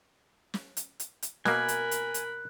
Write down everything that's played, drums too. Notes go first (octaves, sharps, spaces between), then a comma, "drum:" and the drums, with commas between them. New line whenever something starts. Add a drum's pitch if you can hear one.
drum: snare
drum: hi-hat
drum: hi-hat
drum: hi-hat
B2 A#3 A#4 G#5 B5 F#6, drum: snare
drum: hi-hat
drum: hi-hat
drum: hi-hat